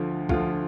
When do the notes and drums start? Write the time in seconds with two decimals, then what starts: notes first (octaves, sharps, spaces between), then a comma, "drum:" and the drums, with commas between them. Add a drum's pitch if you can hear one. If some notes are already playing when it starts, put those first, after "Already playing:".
Already playing: D2 D3 F3
0.29 D2 D3 F3 F4, drum: kick